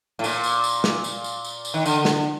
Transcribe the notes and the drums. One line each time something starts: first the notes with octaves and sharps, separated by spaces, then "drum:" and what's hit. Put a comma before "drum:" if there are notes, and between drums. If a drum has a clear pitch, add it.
A2
A#2, drum: tambourine
drum: tambourine
drum: tambourine
drum: snare
drum: tambourine
drum: tambourine
drum: tambourine
drum: tambourine
D#3
D3, drum: tambourine
drum: snare